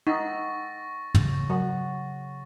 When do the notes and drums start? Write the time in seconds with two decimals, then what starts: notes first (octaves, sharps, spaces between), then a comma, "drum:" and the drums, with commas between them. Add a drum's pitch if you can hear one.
0.07 D#4 F#5 G5 C#6 E6 A6 A#6
1.15 C#3, drum: tom
1.50 F#3 F#5 F#6